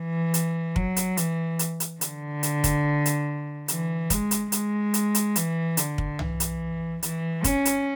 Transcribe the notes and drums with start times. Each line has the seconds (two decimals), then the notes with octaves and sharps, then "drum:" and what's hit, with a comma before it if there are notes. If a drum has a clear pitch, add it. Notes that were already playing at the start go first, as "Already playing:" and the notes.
Already playing: E3
0.34 drum: hi-hat
0.76 F#3, drum: kick
0.96 drum: hi-hat
1.17 E3, drum: hi-hat
1.59 drum: hi-hat
1.80 drum: hi-hat
2.01 D3, drum: hi-hat
2.43 drum: hi-hat
2.64 drum: kick, hi-hat
3.06 drum: hi-hat
3.68 E3, drum: hi-hat
4.10 G#3, drum: kick, hi-hat
4.31 drum: hi-hat
4.52 G#3, drum: hi-hat
4.94 drum: hi-hat
5.15 drum: hi-hat
5.36 E3, drum: hi-hat
5.77 D3, drum: hi-hat
5.98 drum: kick
6.19 E3, drum: tom C2
6.40 drum: hi-hat
7.03 E3, drum: hi-hat
7.44 C#4, drum: kick, hi-hat
7.65 drum: hi-hat